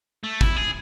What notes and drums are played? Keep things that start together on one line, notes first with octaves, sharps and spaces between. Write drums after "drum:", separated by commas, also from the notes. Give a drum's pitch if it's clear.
A3
E4, drum: kick
G#4